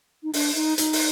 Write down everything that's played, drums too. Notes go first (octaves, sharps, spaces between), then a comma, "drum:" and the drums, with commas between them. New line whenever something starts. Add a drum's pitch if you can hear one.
D#4
D4, drum: open hi-hat
D#4
D#4, drum: hi-hat
drum: open hi-hat